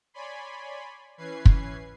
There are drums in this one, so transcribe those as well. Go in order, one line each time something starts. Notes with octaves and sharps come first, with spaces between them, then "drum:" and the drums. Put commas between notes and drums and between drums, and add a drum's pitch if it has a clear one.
C#5 D5 G#5 B5 C6
E3 C#4 B4 G#6 C7
drum: kick